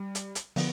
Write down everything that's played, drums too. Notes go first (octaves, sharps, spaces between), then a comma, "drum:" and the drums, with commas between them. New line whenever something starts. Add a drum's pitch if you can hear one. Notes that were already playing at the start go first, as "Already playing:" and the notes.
Already playing: G3
drum: hi-hat
drum: hi-hat
D3 F3 B3, drum: open hi-hat